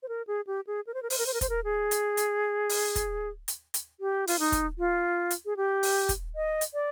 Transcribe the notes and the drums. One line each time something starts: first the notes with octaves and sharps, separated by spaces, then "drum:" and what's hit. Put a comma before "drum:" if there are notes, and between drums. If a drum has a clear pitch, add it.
C5
A#4
G#4
G4
G#4
A#4
C5
A#4
C5, drum: open hi-hat
A#4
C5
A#4
C5, drum: kick, hi-hat
A#4
G#4
drum: hi-hat
drum: hi-hat
drum: open hi-hat
drum: kick, hi-hat
drum: hi-hat
drum: hi-hat
G4
F4, drum: open hi-hat
D#4
drum: kick, hi-hat
F4
drum: hi-hat
G#4
G4
drum: open hi-hat
drum: kick, hi-hat
D#5
drum: hi-hat
D5